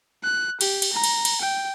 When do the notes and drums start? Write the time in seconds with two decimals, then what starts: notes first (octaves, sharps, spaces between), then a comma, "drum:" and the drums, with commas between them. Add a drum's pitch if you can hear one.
0.24 F#6
0.61 G4, drum: cymbal
0.82 drum: cymbal
0.93 A#5
1.04 drum: cymbal
1.25 drum: cymbal
1.41 G5